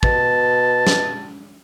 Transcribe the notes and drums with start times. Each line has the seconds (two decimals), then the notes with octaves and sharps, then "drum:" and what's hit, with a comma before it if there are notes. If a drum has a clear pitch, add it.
0.03 B2 A5, drum: kick
0.87 drum: snare